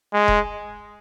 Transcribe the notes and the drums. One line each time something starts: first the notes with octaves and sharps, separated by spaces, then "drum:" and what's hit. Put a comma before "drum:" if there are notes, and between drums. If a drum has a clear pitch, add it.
G#3
drum: kick E1